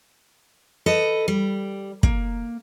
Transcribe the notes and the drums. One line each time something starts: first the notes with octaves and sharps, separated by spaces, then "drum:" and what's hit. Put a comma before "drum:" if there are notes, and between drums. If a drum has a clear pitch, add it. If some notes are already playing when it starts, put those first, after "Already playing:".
A4 B4 D#5
G3
A#3, drum: kick